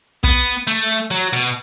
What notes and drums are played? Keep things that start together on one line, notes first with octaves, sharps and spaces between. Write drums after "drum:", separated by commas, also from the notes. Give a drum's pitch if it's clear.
B3, drum: kick
A3
F#3
B2